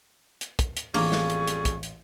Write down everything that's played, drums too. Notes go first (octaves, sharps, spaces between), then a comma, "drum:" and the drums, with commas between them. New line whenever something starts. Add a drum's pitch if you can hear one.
drum: hi-hat
drum: kick, hi-hat
drum: hi-hat
A1 F2 G3 A#3 G#4 C#6, drum: open hi-hat
drum: snare
drum: hi-hat
drum: hi-hat
drum: kick, hi-hat
drum: hi-hat